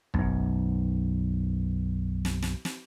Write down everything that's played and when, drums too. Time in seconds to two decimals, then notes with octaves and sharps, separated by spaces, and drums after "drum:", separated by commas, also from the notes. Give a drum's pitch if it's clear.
0.14 B1 F#2, drum: kick
2.25 drum: snare
2.42 drum: snare
2.65 drum: snare